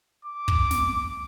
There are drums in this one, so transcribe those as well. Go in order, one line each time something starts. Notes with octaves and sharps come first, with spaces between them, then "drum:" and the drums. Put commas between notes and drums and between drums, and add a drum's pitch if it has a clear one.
D6
drum: kick
drum: snare